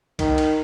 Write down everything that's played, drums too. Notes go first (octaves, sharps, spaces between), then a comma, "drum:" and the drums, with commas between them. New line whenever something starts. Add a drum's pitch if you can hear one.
D#3, drum: kick C2, cymbal
drum: cymbal